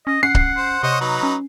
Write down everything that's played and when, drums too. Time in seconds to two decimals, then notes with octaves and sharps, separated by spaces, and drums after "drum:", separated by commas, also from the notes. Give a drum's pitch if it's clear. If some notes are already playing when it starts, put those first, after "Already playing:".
0.07 C#4 D#5
0.23 C#4 F#5 C7
0.35 drum: kick C#1
0.57 C5
0.83 C3 C5 C#5 D#5
1.01 F#3 D#4 B4
1.23 C#4